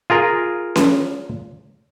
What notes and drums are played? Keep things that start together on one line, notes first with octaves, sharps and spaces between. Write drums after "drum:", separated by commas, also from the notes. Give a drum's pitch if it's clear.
F4 G#4 A#4
drum: snare C#4